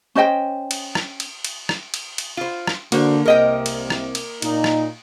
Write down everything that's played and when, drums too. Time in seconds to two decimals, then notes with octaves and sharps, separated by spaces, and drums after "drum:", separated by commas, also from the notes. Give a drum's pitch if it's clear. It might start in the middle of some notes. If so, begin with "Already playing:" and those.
0.15 C#4 C5 D#5 G5
0.71 drum: cymbal
0.95 drum: rim click
1.20 drum: cymbal
1.45 drum: cymbal
1.69 drum: rim click
1.94 drum: cymbal
2.18 drum: cymbal
2.37 F4 C5
2.67 drum: rim click
2.92 D3 A#3 F#4 C5, drum: cymbal
3.25 C2 C3 A#4 D#5 G5
3.66 drum: cymbal
3.90 drum: rim click
4.15 drum: cymbal
4.42 A#2 D#4, drum: cymbal
4.64 drum: rim click